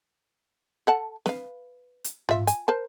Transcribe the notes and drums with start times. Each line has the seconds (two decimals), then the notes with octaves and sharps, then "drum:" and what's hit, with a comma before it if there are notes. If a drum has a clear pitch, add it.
0.87 A4 F#5 A5
1.26 B4 F5, drum: snare C4
2.04 drum: hi-hat
2.29 F4 E5, drum: tom G#2
2.47 G#5, drum: hi-hat
2.68 A#4 C5 A5